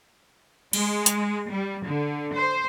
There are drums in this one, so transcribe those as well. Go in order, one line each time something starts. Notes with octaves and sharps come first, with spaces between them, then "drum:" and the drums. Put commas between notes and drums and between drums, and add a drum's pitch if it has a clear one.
G#3, drum: cymbal
drum: hi-hat
G3
D3
C5